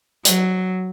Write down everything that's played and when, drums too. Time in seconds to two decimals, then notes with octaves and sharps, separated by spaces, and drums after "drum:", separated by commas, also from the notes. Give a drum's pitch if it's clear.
0.25 F#3, drum: hi-hat